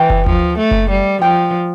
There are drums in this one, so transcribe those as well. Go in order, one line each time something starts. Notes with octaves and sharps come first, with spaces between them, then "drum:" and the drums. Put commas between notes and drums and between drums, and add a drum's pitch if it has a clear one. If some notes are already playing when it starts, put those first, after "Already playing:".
Already playing: E3 G5
drum: kick F#1
F3, drum: tom D2
A3
drum: kick F#1
G3
F3 G5